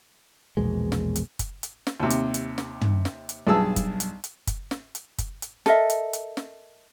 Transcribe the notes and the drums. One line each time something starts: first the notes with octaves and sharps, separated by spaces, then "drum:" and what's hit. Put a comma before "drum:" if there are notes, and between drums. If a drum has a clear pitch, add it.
A#1 E2 B2 G#3
drum: snare
drum: hi-hat
drum: kick, hi-hat
drum: hi-hat
drum: snare
D#2 C3
drum: hi-hat
drum: hi-hat
drum: snare
drum: tom
drum: snare
drum: hi-hat
B1 G2 G#4 A5 E6
drum: kick, hi-hat
drum: hi-hat
drum: hi-hat
drum: kick, hi-hat
drum: snare
drum: hi-hat
drum: kick, hi-hat
drum: hi-hat
A4 A#4 D#5 E5, drum: snare
drum: hi-hat
drum: hi-hat
drum: snare